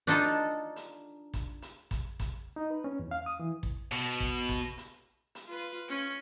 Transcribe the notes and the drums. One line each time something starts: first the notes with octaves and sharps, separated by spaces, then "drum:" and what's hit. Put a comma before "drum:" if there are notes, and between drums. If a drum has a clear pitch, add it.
D4 D#4 F4 A4
drum: hi-hat
drum: kick, hi-hat
drum: hi-hat
drum: kick, hi-hat
drum: kick, hi-hat
D#4
B4
C#4
E2
F5
D#6
E3
drum: kick
B2, drum: hi-hat
drum: kick
drum: kick, hi-hat
drum: hi-hat
drum: hi-hat
F4 B4
C#4